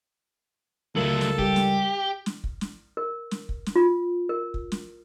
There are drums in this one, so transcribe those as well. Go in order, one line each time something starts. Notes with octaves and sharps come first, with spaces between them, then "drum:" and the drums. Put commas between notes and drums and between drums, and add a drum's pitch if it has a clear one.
C#2 F#3 A3 A4 A#4 F#7
drum: snare
G3 G4, drum: kick
drum: snare
drum: snare
drum: kick
drum: snare
A#4
drum: snare
drum: kick
drum: snare
F4
A#4
drum: kick
drum: snare